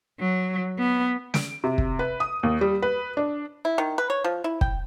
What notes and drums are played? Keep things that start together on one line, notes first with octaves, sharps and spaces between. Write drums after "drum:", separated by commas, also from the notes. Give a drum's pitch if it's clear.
F#3
B3
D7, drum: snare
C3
drum: kick
B4
D#6
D#2
G3
B4
D4
E4
D#3
B4
C#5
F3
E4
G5, drum: kick